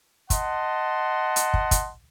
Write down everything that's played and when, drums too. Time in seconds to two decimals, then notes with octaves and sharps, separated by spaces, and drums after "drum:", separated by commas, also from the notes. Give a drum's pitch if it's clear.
0.30 D#5 F#5 A5 C6, drum: kick, hi-hat
1.36 drum: hi-hat
1.54 drum: kick
1.71 drum: kick, hi-hat